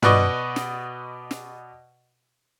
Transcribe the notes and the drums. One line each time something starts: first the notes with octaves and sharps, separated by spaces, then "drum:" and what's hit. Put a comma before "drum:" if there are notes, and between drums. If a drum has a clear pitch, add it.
B2 F#4 B4 D5 D#5 C#6, drum: tom
drum: snare
drum: snare